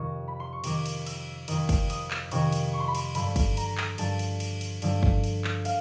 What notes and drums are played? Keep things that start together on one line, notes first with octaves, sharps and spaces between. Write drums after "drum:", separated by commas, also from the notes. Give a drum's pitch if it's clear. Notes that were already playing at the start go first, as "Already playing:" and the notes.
Already playing: F2 C3 D#3 C#6
B5
C6
C#6
F2 C3 D#3 D6, drum: cymbal
drum: cymbal
E6, drum: cymbal
F2 C3 D#3 D#6, drum: cymbal
drum: kick, cymbal
D#6, drum: cymbal
drum: clap
F2 C3 D#3 C#6, drum: cymbal
drum: cymbal
C#6
C6
B5
C6, drum: cymbal
G2 D3 F3 B5, drum: cymbal
drum: kick, cymbal
A#5, drum: cymbal
drum: clap
G2 D3 F3 A5, drum: cymbal
drum: cymbal
drum: cymbal
drum: cymbal
G2 D3 F3, drum: cymbal
drum: kick
drum: cymbal
drum: clap
F5, drum: cymbal